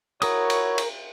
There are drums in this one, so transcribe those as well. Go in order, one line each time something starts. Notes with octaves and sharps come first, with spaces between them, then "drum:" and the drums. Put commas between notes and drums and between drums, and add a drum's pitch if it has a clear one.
E4 F#4 A#4 C#5 D#6, drum: cymbal
drum: cymbal
drum: cymbal